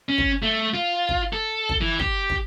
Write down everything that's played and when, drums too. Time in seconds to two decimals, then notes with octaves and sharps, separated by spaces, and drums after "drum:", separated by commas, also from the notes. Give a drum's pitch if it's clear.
0.09 C#4
0.18 drum: kick
0.42 A3
0.74 F4
1.09 drum: kick
1.33 A4
1.69 drum: kick
1.81 E3
1.99 G4, drum: kick
2.30 drum: kick